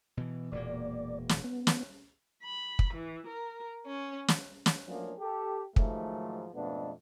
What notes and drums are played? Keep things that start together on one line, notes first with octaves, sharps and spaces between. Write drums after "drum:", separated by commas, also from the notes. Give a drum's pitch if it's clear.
B2 E3
E1 A#2 A#3 D5
drum: snare
B3
drum: snare
B5
drum: kick
E3
A#4
C#4
drum: snare
drum: snare
F3 F#3 A3 A#3 C#4 D4
G4 A4
G#2 D#3 F3 F#3 A3, drum: kick
F2 G#2 B2 A3 B3 D4